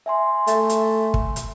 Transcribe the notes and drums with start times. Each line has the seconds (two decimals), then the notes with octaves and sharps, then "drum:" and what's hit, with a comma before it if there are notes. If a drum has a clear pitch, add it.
0.06 E5 G#5 C6
0.47 A3, drum: hi-hat
0.70 drum: hi-hat
1.14 drum: kick
1.36 drum: hi-hat